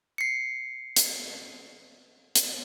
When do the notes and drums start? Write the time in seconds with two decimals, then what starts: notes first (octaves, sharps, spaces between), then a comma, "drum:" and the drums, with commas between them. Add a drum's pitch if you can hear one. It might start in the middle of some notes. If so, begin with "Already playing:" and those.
0.18 C7 C#7
0.96 drum: hi-hat
2.35 drum: hi-hat